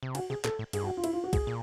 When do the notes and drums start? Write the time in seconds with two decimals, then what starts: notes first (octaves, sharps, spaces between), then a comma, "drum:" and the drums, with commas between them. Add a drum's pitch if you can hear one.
0.03 C3
0.15 C#3 F#4, drum: cymbal
0.30 C3 G#4
0.44 A#2 A4, drum: clap
0.59 A2
0.73 G2 G#4, drum: cymbal
0.84 F#4
0.97 F4
1.04 E4, drum: cymbal
1.13 F4
1.24 F#4
1.33 G#2 G#4, drum: kick, cymbal
1.47 A#2